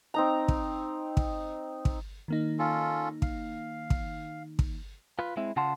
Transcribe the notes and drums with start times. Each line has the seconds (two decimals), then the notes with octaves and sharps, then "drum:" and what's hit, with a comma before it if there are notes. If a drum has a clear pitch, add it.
0.14 C4 D#4 A#5
0.48 drum: kick
1.17 drum: kick
1.85 drum: kick
2.28 D#3 A#3 D#4
2.59 C#4 F4 A4
3.22 F5, drum: kick
3.90 drum: kick
4.59 drum: kick
5.19 F4 B4
5.37 G#3 C4 E4
5.56 C#3 F4 F#5 A5 C6